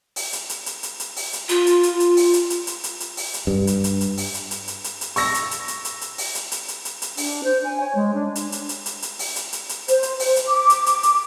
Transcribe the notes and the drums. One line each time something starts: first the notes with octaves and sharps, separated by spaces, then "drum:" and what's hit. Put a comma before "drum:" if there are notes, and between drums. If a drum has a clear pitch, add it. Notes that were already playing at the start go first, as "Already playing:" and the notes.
drum: open hi-hat
drum: hi-hat
drum: hi-hat
drum: hi-hat
drum: hi-hat
drum: hi-hat
drum: open hi-hat
drum: hi-hat
F4, drum: hi-hat
drum: hi-hat
drum: hi-hat
drum: hi-hat
drum: open hi-hat
drum: hi-hat
drum: hi-hat
drum: hi-hat
drum: hi-hat
drum: hi-hat
drum: open hi-hat
drum: hi-hat
G2
drum: hi-hat
drum: hi-hat
drum: hi-hat
drum: open hi-hat
drum: hi-hat
drum: hi-hat
drum: hi-hat
drum: hi-hat
drum: hi-hat
C#6 E6 A#6, drum: open hi-hat
drum: hi-hat
drum: hi-hat
drum: hi-hat
drum: hi-hat
drum: hi-hat
drum: open hi-hat
drum: hi-hat
drum: hi-hat
drum: hi-hat
drum: hi-hat
drum: hi-hat
D4, drum: open hi-hat
C5
G#5
C#5
G#3
D4
drum: hi-hat
drum: hi-hat
drum: hi-hat
drum: hi-hat
drum: hi-hat
drum: open hi-hat
drum: hi-hat
drum: hi-hat
drum: hi-hat
C5, drum: hi-hat
drum: hi-hat
C5, drum: open hi-hat
drum: hi-hat
D6
drum: hi-hat
drum: hi-hat
drum: hi-hat